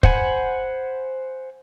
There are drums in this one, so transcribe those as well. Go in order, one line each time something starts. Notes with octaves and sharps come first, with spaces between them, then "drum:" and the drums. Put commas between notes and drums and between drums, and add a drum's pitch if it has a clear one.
C5 F#5 G#5 B5, drum: kick